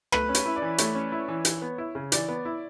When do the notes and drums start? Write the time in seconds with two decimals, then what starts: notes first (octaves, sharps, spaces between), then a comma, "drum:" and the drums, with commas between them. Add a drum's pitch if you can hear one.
0.12 A3 B4, drum: rim click
0.29 C#4
0.35 C#5, drum: hi-hat
0.46 E4
0.56 D5
0.62 E3
0.78 A3 C#5, drum: hi-hat
0.95 C#4
1.12 E4
1.28 E3
1.45 E3, drum: hi-hat
1.62 B3
1.78 E4
1.95 C#3
2.12 E3 D5, drum: hi-hat
2.28 B3
2.45 E4